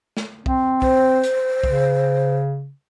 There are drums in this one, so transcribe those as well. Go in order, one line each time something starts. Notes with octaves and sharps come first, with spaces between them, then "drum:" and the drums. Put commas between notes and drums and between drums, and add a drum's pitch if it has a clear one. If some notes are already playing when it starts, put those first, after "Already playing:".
drum: snare
C4, drum: kick
C5, drum: kick
drum: hi-hat
C#3, drum: kick